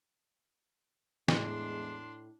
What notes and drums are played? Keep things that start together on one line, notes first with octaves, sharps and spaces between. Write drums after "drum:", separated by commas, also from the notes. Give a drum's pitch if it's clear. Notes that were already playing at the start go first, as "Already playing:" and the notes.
E2 A2 G#3 D4 E4 C6, drum: snare